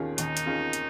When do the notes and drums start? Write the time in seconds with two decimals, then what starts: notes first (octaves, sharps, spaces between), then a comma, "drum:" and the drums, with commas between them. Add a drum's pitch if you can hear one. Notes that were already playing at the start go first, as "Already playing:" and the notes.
Already playing: D#2 D#3 C#4 F4 G#4
0.18 D#2 D#4, drum: hi-hat
0.37 drum: hi-hat
0.46 D#3 C#4 F4 G#4
0.73 drum: hi-hat